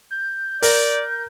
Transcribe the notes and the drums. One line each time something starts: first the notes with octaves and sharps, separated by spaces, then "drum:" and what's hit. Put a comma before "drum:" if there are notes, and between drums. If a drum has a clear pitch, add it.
G6
A#4 D5, drum: open hi-hat